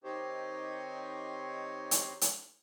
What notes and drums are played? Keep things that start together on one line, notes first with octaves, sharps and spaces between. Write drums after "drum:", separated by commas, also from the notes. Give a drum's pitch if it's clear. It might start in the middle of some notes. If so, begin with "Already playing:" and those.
D#3 C4 D#4 G4 C5 C#5
drum: hi-hat
drum: hi-hat